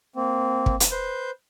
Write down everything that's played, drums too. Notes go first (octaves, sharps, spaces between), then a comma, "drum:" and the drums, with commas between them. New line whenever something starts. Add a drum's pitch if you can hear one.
A#3 C4
drum: kick
drum: hi-hat
B4 C5 G6